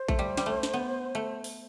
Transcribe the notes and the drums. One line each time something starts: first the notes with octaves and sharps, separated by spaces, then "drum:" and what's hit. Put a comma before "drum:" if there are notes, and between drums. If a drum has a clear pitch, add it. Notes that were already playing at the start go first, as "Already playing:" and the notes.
Already playing: C5
A3, drum: kick A#1
G3
G3, drum: snare
A3
drum: snare
B3
A3
drum: open hi-hat